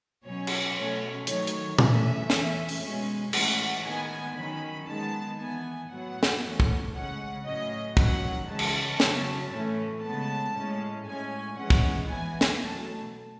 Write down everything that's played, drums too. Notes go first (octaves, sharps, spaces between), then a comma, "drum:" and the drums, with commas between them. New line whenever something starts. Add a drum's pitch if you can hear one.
B2 F#3 C#4 C#5
drum: cymbal
B2 F#3 A3 C#4 C#5
D#3 F#3 A3 C#5, drum: hi-hat
drum: hi-hat
E3 A3 C#4 E5, drum: tom
E3 A3 C#4, drum: snare
drum: open hi-hat
B2 G#3 C#4
A2 E3 G#3 C#4 F#5, drum: cymbal
D#3 G#3 B3 G#5
D#3 F#3 C#4 B5
D#3 G#3 B3 A5
E3 B3 G#5
A2 F#3 B3 F#5
drum: snare
E3 A3 C#4
drum: kick
C#3 G#3 C#4 F#5
A2 F#3 C#4 D#5
D#3 F#3 C#4 F#5, drum: kick
C#3 E3 G#3 C#4 A5
drum: cymbal
C#3 F#3 C#4, drum: snare
A2 E3 A3 C#4
C#3 G#3 B3 A5
A2 G#3 C#4
A2 G#3 C#4 G#5
E3 G#3 C#4 F#5
drum: kick
E3 B3 G#5
drum: snare
B2 F#3 A3 A5